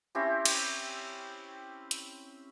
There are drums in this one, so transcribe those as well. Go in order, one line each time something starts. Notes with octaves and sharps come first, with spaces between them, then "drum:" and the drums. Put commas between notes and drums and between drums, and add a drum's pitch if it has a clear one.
C4 C#4 E4 G4
drum: cymbal
drum: hi-hat